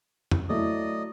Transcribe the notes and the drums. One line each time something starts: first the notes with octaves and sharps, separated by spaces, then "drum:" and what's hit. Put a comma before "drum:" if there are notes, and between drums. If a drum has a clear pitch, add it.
drum: tom
F#3 A3 E4 D5 D#5 D#6